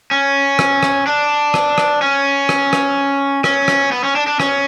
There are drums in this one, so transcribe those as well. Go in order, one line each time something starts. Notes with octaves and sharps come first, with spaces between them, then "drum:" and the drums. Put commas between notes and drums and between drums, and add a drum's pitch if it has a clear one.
C#4
drum: rim click
drum: rim click
D4
drum: rim click
drum: rim click
C#4
drum: rim click
drum: rim click
C#4, drum: rim click
drum: rim click
B3
C#4
D4
D4
C#4, drum: rim click